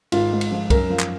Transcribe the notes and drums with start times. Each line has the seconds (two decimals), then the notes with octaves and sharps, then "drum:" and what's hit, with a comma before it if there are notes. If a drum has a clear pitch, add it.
0.12 G#1 F4, drum: cymbal
0.32 G#2
0.41 drum: cymbal
0.51 F3
0.70 F#2 A#4, drum: kick C2, cymbal
0.90 F3
1.00 drum: clap